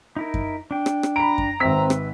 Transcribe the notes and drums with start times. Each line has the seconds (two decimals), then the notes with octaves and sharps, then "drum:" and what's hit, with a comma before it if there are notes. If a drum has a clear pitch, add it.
0.17 D#4 E4 A#4
0.34 drum: kick F#2
0.71 D4 G5
0.86 drum: rim click
1.03 drum: rim click
1.16 A#5 B5 D7
1.38 drum: kick F#2
1.60 G#1 C4 B4 E5 E6 B6
1.90 drum: rim click